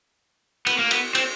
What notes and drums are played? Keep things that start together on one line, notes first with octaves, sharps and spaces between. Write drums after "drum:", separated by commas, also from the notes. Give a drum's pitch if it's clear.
B3, drum: cymbal
A#3
B3, drum: cymbal
C4, drum: cymbal